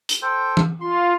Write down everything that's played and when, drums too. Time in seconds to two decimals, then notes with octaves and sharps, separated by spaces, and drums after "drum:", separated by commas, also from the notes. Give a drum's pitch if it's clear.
0.09 drum: hi-hat
0.22 A4 C5 G5
0.57 drum: tom E3
0.81 F4 C6